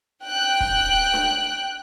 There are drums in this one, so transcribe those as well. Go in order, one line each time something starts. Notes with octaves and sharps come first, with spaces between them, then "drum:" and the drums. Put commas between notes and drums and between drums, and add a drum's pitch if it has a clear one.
G5 F#6
drum: kick
drum: snare D4